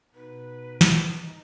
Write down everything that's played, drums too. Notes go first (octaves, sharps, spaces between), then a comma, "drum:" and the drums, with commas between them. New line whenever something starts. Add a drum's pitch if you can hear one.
B2 B3 D#4 B4
drum: snare
D#4